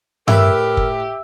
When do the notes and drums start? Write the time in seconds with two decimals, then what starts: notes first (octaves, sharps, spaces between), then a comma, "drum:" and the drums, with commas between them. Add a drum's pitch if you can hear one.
0.28 A2 G4 A#4 B4 E5 D6 E6, drum: tom G2
0.77 drum: kick